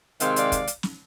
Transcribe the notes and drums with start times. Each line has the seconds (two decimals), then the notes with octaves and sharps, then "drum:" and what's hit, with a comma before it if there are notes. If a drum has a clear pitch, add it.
0.20 C3 D#3 G#3 C4 F5, drum: hi-hat
0.36 D5 F5, drum: hi-hat
0.52 drum: kick, hi-hat
0.67 drum: hi-hat
0.83 drum: snare